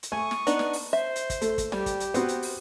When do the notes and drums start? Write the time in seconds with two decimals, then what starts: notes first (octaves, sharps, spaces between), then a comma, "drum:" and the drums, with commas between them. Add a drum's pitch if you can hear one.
0.03 drum: hi-hat
0.12 A3 G#5 C#6 D#6
0.31 drum: snare
0.47 B3 D4 D#4, drum: hi-hat
0.59 drum: snare
0.73 drum: open hi-hat
0.93 C5 E5
1.16 drum: hi-hat
1.30 drum: kick, hi-hat
1.41 A3, drum: hi-hat
1.58 drum: kick, hi-hat
1.72 G3 G4, drum: snare
1.86 drum: kick, hi-hat
2.00 drum: hi-hat
2.14 B3 C4 F#4 B4, drum: hi-hat
2.28 drum: hi-hat
2.43 drum: open hi-hat